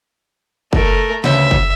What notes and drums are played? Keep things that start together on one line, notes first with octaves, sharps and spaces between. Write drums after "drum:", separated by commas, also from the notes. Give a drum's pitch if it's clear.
A3 A#4, drum: kick F#1
D2 C#3 B4 E5, drum: snare
drum: kick F#1